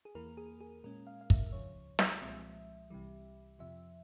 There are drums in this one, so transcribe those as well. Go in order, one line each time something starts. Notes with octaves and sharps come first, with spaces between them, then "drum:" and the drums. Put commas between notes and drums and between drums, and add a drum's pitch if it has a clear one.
G#4
E2 E3 A#3 A#4
G#4
G#4
A#2 G#3 C#4 A#4
F5
F5
E5, drum: kick
C#2 C#3 F3 C#5
drum: snare
C2 A#2 F3 G#3 C4 E5
C2 C3 E3 G3
F2 C3 F3 E5